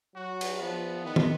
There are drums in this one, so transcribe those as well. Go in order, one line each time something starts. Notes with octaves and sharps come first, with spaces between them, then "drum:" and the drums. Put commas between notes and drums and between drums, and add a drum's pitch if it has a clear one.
F#3 F#4
drum: cymbal
F3 B3
D#3 B3
drum: tom